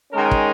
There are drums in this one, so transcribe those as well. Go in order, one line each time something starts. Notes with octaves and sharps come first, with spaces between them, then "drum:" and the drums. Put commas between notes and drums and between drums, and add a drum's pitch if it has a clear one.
D#3 G#3 C#4 A#4
drum: kick